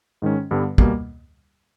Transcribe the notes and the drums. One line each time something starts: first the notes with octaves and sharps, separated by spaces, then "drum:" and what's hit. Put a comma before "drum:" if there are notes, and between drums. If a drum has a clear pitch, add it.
G#2 D#3 G#3 C#4
G2 D3 G3 B3
B2 G3 A#3, drum: kick